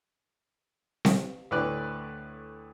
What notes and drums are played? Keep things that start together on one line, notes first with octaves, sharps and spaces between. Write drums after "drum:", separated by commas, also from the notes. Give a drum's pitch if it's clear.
drum: snare C4
D2 A2 B4 D5 F#6